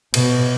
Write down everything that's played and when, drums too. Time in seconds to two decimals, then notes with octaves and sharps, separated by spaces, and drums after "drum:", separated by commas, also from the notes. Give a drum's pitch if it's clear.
0.14 B2, drum: cymbal